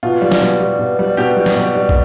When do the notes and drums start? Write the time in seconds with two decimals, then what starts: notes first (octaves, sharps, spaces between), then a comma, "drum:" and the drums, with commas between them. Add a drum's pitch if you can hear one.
0.03 B2 F4
0.22 G3
0.32 drum: snare
0.41 B2
0.60 G3
0.79 B2
0.99 G3
1.17 B2 G4
1.36 G3
1.46 drum: snare
1.56 B2
1.75 G3
1.89 drum: kick